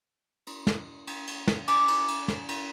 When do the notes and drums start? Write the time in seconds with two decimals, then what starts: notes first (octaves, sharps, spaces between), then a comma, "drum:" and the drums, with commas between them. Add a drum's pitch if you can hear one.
0.47 drum: cymbal
0.67 drum: snare
1.07 drum: cymbal
1.27 drum: cymbal
1.48 drum: snare
1.68 D5 G#5 D6, drum: cymbal
1.88 drum: cymbal
2.08 drum: cymbal
2.28 drum: snare
2.48 drum: cymbal